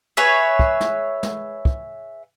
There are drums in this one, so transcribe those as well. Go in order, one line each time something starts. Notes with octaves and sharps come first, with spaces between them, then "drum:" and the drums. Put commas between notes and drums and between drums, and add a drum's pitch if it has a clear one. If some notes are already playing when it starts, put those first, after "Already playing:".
G#4 B4 C#5 E5
drum: kick
drum: snare
drum: snare
drum: kick